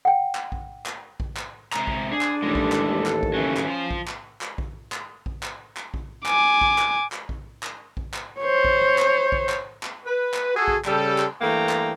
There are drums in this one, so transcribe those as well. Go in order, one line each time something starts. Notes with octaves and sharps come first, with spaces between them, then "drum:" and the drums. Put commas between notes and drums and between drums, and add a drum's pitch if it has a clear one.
F#5 G5
drum: clap
drum: kick A#1
drum: clap
drum: kick A#1
drum: clap
C3 G#3 A#5, drum: clap
drum: kick A#1
D4 G#4
drum: clap
A1 D#2 G3 G#3 A4
drum: kick A#1
drum: clap
drum: clap
drum: kick A#1
C#3 E3 F#3 C#4
drum: clap
F3 C5
drum: kick A#1
drum: clap
drum: clap
drum: kick A#1
drum: clap
drum: kick A#1
drum: clap
drum: clap
drum: kick A#1
G#5 D6, drum: clap
drum: kick A#1
drum: clap
drum: clap
drum: kick A#1
drum: clap
drum: kick A#1
drum: clap
C5 C#5
drum: kick A#1
drum: clap
drum: kick A#1
drum: clap
drum: clap
B4
drum: clap
F#4 G#4 A4
drum: kick A#1
C#3 G3 A4, drum: clap
drum: clap
G2 E3 A3 A#3 G5 A#5
drum: clap